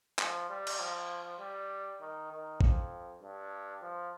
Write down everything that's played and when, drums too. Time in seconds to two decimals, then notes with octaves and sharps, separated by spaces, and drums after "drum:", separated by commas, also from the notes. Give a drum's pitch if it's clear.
0.19 F3, drum: clap
0.50 G3
0.67 drum: cymbal
0.80 F3
1.40 G3
2.01 D#3
2.31 D#3
2.61 F2, drum: kick
3.22 G2
3.82 F3